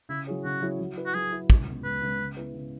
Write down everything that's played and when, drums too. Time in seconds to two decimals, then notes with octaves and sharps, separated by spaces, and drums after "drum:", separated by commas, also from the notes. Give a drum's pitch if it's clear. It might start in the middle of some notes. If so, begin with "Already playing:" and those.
0.09 C#3 E4
0.27 F#3 E4 G#4 C#5
0.44 C#3 F#4
0.62 F#3 E4 G#4 C#5
0.80 F#3
0.97 E4 B4
1.06 F#4
1.14 F#3 G#4
1.32 E4 B4
1.50 C#2, drum: kick
1.67 C#3 G#3 B3
1.84 C#2 B4
2.02 C#3 G#3 B3
2.19 C#3
2.36 G#3 B3 E4 B4
2.54 C#3